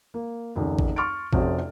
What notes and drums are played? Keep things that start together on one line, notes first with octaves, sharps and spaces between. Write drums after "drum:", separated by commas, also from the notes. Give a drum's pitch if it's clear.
A#3
F1 C#2 D#3
drum: kick A1
C6 C#6 F6 A6 D7
F1 F2 C3 C4 C#4 F#4, drum: kick A1